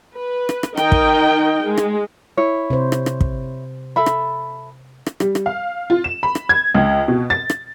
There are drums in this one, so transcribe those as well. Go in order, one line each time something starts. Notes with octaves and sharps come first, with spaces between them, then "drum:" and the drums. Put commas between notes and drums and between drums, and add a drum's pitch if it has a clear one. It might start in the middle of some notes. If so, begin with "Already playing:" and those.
B4
drum: rim click
drum: rim click
D#3 D#4 A#4 D#5 G5, drum: rim click
drum: kick
G#3
drum: rim click
E4 C#5
C3 C5
drum: rim click
drum: rim click
drum: kick
A4 E5 B5
drum: rim click
drum: rim click
G3, drum: rim click
drum: rim click
F5
F4
E7
B5
drum: rim click
G#6
C#2
B2
A6
drum: rim click